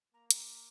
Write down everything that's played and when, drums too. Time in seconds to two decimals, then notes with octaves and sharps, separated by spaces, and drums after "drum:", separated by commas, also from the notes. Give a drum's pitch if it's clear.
0.14 A#3 A#5
0.31 A#5, drum: hi-hat
0.47 A#5